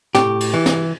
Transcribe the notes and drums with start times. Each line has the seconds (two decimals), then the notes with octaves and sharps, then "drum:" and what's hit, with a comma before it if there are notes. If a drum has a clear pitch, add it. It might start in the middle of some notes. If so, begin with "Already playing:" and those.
0.15 A2 G4, drum: snare
0.41 drum: cymbal
0.54 E3
0.66 drum: snare